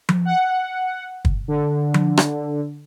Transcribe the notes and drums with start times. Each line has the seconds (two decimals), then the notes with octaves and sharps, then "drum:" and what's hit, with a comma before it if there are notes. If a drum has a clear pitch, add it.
0.09 drum: tom F3
0.25 F#5
1.25 drum: kick
1.48 D3
1.94 drum: tom F3
2.17 drum: rim click